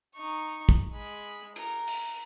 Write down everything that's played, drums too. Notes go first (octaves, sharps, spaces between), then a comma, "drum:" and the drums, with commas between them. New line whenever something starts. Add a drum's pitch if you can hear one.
D#4 C#6
drum: kick
G#3 B5
A#4, drum: cymbal
drum: open hi-hat